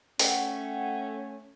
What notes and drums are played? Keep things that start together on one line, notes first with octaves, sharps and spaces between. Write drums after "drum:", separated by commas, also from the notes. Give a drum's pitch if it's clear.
A3 C#4 F#5 G5, drum: open hi-hat